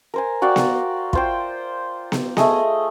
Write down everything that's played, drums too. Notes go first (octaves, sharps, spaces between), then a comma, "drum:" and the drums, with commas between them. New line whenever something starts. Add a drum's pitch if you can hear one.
A#4 C5 G#5
F#4 D5 F5 G5
drum: snare B3
F4 C5 G5, drum: kick
drum: snare B3
A3 G#4 D#5, drum: snare B3